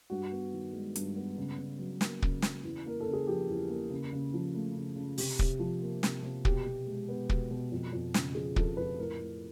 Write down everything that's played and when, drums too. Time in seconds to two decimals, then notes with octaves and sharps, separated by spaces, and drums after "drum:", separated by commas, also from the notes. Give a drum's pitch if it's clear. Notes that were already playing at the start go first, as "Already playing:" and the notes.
0.10 G2 F#4
0.32 B3
0.53 D#3
0.73 G#3
0.96 G2, drum: hi-hat
1.16 B3
1.38 C#3
1.58 C#3
1.79 F#3
2.01 A#3, drum: snare
2.22 C#3, drum: kick
2.42 C#3, drum: snare
2.63 E2
2.86 A#3 A#4
3.00 A4
3.06 C#3
3.13 G#4
3.27 F3 G4
3.49 E2
3.69 A#3
3.90 C#3
4.13 C#3
4.34 F3
4.55 A3
4.76 C#3
4.96 C#3
5.18 C3 G4, drum: open hi-hat
5.39 C3, drum: kick
5.59 F3
5.82 A#3
6.03 C3, drum: snare
6.23 C3
6.45 B2 G4, drum: kick
6.66 B2
6.87 G#3
7.08 B3
7.29 B2, drum: kick
7.51 B2
7.72 F2
7.93 F2
8.14 C#3, drum: snare
8.35 F3 G#4
8.56 F2 A4, drum: kick
8.77 F2 B4
8.98 A2 A#4
9.19 A2